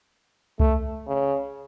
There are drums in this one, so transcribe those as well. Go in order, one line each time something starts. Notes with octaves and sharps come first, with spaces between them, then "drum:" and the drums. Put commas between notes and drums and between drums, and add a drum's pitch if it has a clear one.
A3, drum: kick C2
C#3